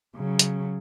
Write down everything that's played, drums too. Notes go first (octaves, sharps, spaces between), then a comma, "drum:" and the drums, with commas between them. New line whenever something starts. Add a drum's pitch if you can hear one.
C#3 F#3
drum: hi-hat